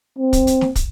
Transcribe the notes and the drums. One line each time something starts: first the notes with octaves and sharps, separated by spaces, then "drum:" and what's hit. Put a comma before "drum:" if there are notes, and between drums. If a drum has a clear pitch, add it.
C4
drum: kick, hi-hat
drum: hi-hat
drum: snare
drum: kick, hi-hat